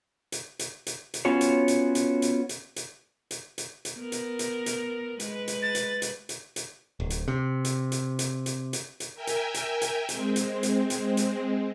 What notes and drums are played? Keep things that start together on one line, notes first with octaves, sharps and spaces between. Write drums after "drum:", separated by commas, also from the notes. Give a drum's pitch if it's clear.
drum: hi-hat
drum: hi-hat
drum: hi-hat
drum: hi-hat
B3 C#4 F4 F#4 C#5
drum: hi-hat
drum: hi-hat
drum: hi-hat
drum: hi-hat
drum: hi-hat
drum: hi-hat
drum: hi-hat
drum: hi-hat
drum: hi-hat
B3 A#4
drum: hi-hat
drum: hi-hat
drum: hi-hat
G#3 B4, drum: hi-hat
drum: hi-hat
A6
drum: hi-hat
drum: hi-hat
drum: hi-hat
drum: hi-hat
D1
drum: hi-hat
C3
drum: hi-hat
drum: hi-hat
drum: hi-hat
drum: hi-hat
drum: hi-hat
drum: hi-hat
A#4 E5 G5 G#5
drum: hi-hat
drum: hi-hat
drum: hi-hat
G#3 C4, drum: hi-hat
drum: hi-hat
drum: hi-hat
drum: hi-hat
drum: hi-hat